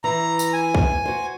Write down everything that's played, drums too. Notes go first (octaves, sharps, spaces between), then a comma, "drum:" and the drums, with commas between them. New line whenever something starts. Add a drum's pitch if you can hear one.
E3 A#5
drum: tambourine
G#5
drum: kick
F#4 C5